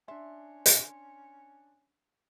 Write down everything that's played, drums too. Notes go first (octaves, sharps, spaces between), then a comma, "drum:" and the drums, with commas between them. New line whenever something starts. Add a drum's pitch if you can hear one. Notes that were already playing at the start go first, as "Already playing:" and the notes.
C#4 D4 E5 C6
drum: hi-hat